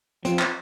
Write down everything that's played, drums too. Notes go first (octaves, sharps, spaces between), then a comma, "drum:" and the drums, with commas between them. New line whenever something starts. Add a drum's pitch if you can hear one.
F3 C4, drum: hi-hat
drum: clap